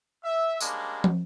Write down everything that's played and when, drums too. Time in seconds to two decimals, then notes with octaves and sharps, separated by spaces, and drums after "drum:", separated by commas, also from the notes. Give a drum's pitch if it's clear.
0.24 E5
0.60 G3 G#3 A#3 C#4 D4, drum: tambourine
1.04 drum: tom